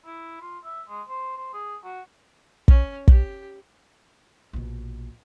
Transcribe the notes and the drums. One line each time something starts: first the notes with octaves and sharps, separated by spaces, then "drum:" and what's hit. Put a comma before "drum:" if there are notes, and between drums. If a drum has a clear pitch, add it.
E4
F4
E5
G#3
C5
C5
G#4
F#4
C#4, drum: kick
G4, drum: kick
A#1 B2